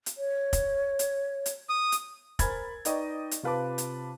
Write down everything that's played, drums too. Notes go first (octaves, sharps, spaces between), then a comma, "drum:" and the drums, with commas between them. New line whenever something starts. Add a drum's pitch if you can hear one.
drum: hi-hat
C#5
drum: kick, hi-hat
drum: hi-hat
drum: hi-hat
D#6
drum: hi-hat
A#4 C5 G#5 B5 G#6 A6, drum: kick, hi-hat
D#4 B4 D5 D#5 G5 C#6, drum: hi-hat
drum: hi-hat
C3 F4 B4 A5 D6
drum: hi-hat